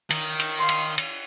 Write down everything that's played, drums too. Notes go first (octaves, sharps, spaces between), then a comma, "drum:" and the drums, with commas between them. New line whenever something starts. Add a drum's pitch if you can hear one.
D#3, drum: cymbal
drum: cymbal
F5 C6
drum: cymbal
drum: cymbal